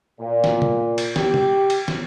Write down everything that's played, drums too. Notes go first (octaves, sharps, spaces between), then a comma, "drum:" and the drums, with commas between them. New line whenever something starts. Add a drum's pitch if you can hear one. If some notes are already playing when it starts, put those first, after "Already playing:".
A#2
drum: snare
drum: tom
drum: cymbal
G4, drum: snare
drum: tom
drum: cymbal
drum: snare